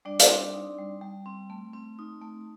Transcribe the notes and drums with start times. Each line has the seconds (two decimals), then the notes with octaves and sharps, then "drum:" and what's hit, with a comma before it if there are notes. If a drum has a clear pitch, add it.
0.05 G3 D4 D5
0.19 drum: hi-hat
0.29 C4
0.54 D#4
0.78 G3
1.01 G3
1.26 C4
1.50 A3
1.73 C4
1.99 D#4
2.22 A3